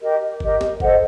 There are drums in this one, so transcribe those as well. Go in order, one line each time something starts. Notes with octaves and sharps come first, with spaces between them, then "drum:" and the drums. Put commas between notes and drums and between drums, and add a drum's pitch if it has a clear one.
G4 A#4 D#5
G4 A#4 D#5, drum: kick F#1
drum: snare
A4 C5 D#5 F#5, drum: kick F#1